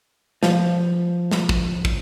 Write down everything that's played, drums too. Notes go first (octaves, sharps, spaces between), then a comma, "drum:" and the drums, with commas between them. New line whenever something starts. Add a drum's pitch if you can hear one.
F3, drum: snare
drum: snare
drum: kick
drum: kick